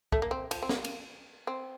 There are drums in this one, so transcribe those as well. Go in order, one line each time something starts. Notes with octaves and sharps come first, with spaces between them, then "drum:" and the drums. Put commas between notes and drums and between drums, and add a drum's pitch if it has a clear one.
A3, drum: kick
A#3
C4
F3, drum: cymbal
C4
A#3, drum: snare
drum: cymbal
C4